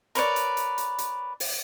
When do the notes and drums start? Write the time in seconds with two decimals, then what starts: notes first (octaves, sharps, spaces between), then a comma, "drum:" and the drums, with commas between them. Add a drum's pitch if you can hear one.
0.15 A#4 B4 C#5 D5, drum: hi-hat
0.36 drum: hi-hat
0.57 drum: hi-hat
0.78 drum: hi-hat
0.98 drum: hi-hat
1.40 drum: open hi-hat